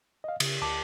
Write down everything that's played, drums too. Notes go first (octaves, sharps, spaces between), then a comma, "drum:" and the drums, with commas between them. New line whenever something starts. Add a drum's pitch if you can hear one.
D#5 F5
C#3, drum: cymbal
D2 A5 D6